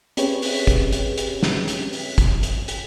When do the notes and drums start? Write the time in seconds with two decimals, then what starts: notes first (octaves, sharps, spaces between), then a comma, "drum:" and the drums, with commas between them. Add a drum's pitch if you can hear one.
0.17 C4 C#4 G4 G#4 B4 C#5, drum: hi-hat
0.42 drum: open hi-hat
0.67 drum: kick, hi-hat
0.92 drum: hi-hat
1.18 drum: hi-hat
1.43 drum: snare
1.68 drum: hi-hat
1.93 drum: open hi-hat
2.18 drum: kick, hi-hat
2.43 drum: hi-hat
2.68 drum: hi-hat